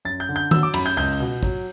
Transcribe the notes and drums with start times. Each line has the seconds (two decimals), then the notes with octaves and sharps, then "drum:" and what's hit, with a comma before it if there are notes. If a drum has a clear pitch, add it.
0.05 F#2 A6
0.20 G6
0.29 D3
0.36 G6
0.51 F#3 E6, drum: tom D#3
0.63 D6
0.74 F#2 B5, drum: cymbal
0.86 G6
0.97 C#2 G6
1.20 B2
1.43 F#3, drum: kick